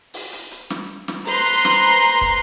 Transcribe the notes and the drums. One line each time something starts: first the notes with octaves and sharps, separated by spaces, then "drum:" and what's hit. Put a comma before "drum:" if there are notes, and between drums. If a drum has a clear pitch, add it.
drum: open hi-hat
drum: hi-hat
drum: hi-hat
drum: snare
drum: snare
B4 C5 A#5 C6, drum: hi-hat
drum: hi-hat
drum: snare
drum: hi-hat
drum: kick, hi-hat